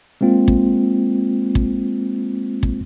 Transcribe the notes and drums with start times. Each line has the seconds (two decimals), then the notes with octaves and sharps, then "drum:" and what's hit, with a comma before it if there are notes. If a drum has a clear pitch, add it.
0.21 G#3 A#3 C4 F4
0.48 drum: kick
1.55 drum: kick
2.63 drum: kick